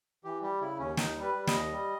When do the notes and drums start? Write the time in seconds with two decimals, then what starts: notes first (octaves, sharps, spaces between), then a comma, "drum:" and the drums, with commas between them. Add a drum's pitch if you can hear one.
0.24 E3 G4
0.42 G3 G4
0.61 C#3 E4
0.79 D#2 C#4
0.97 D#2 D#4, drum: snare
1.16 G3
1.22 B4
1.34 G3
1.47 D#5, drum: snare
1.53 D#2
1.72 G3